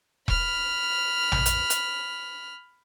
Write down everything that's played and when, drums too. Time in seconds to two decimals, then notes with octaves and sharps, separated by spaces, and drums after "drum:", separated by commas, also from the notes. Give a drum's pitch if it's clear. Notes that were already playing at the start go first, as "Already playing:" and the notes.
0.28 B5 F6, drum: kick E1
1.32 drum: tom A#1
1.46 drum: hi-hat
1.70 drum: hi-hat